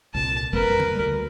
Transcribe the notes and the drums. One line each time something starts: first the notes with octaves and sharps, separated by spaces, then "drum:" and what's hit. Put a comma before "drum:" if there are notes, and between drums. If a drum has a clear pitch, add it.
C2 A#2 A5
F2 G3 A#3 A#4 B4, drum: kick
drum: tom C#3
D2 G3